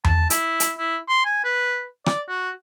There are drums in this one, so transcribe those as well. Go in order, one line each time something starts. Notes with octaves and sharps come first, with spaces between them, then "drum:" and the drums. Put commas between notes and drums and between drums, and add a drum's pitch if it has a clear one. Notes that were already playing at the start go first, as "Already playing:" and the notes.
A5, drum: tom E2
E4, drum: hi-hat
drum: hi-hat
E4
C6
G#5
B4
D5, drum: rim click
F#4